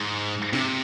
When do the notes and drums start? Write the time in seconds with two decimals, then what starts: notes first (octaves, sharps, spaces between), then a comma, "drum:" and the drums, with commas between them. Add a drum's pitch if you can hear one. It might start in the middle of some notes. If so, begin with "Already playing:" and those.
Already playing: G#2
0.53 C3, drum: snare